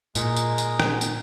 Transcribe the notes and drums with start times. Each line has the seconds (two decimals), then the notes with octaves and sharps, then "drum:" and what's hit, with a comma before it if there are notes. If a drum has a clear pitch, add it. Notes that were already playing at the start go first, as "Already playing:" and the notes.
0.15 A#2 G#3 D#4 A#4, drum: tambourine
0.36 drum: tambourine
0.58 drum: tambourine
0.80 drum: rim click
1.01 drum: tambourine